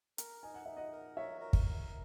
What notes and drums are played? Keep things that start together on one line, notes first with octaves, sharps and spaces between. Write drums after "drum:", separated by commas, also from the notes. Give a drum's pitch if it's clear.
A#4, drum: hi-hat
D#4 G#5
F#5
D#4 E5
D#5 F#5
A#4
F#4 C#5 E5
A#4
drum: kick
A#4